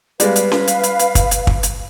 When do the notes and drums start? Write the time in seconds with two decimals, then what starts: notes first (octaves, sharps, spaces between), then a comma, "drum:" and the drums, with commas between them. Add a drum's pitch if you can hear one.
0.20 G3 G#3 B3 B4 F5, drum: hi-hat
0.36 drum: hi-hat
0.52 drum: snare C#4
0.67 drum: hi-hat
0.83 drum: hi-hat
0.99 drum: hi-hat
1.15 drum: kick, hi-hat
1.31 drum: hi-hat
1.47 drum: kick
1.63 drum: hi-hat